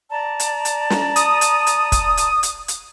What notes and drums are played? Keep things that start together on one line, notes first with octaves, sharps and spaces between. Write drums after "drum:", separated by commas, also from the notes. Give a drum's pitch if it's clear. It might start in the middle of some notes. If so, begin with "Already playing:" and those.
D5 A5 A#5
drum: hi-hat
drum: hi-hat
drum: snare
D#6, drum: hi-hat
drum: hi-hat
drum: hi-hat
drum: kick, hi-hat
drum: hi-hat
drum: hi-hat
drum: hi-hat